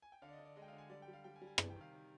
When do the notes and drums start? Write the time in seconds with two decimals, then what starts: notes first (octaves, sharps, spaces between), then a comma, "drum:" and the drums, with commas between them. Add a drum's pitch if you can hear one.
0.02 G#5
0.12 G5
0.22 D3 F5
0.29 D5
0.33 D#5
0.39 D3
0.45 D5
0.56 G#3 D#5
0.62 G5
0.68 F5
0.73 D3
0.78 G#5
0.90 G3 D5
1.02 G5
1.08 G3
1.13 F5
1.24 G3 G5
1.36 G#5
1.42 G3
1.47 G#5
1.58 C3 G#5, drum: rim click
1.70 G5
1.76 D#3 F5
1.93 D#3